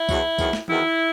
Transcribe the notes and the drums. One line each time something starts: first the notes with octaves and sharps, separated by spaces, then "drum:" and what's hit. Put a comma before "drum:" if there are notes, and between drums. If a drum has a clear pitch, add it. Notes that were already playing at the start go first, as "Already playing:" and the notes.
Already playing: E4
E2 B2 F#3, drum: kick C2, tambourine
E2 D#3 F#3, drum: kick C2, tambourine
drum: snare
E2 D#3 F#3 E4, drum: tom E3